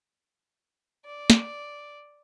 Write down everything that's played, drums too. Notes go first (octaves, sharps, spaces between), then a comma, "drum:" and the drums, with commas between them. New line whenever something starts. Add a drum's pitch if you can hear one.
D5
drum: snare